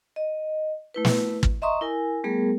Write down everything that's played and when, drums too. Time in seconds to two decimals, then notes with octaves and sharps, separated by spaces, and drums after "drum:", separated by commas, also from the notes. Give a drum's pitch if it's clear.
0.16 D#5
0.94 A3 E4 B4
1.05 drum: snare
1.43 drum: kick
1.62 D#5 E5 A#5 C6 C#6 D#6
1.81 E4 A#4 G#5
2.24 G3 A3 B3 G#4 A#4